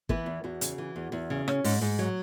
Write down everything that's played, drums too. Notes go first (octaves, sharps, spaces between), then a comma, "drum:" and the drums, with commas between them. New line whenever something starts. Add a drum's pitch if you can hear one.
E3 B3 B4, drum: kick
E2
E2 F#4
C#3, drum: hi-hat
E3
E2
E2
C#3
C#4, drum: rim click
G#2, drum: open hi-hat
G#2
F#3